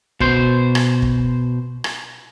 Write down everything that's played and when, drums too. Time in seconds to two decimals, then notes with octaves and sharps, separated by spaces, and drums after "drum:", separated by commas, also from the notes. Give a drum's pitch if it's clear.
0.20 B2 C5, drum: kick
0.75 drum: rim click
1.02 drum: kick
1.84 drum: rim click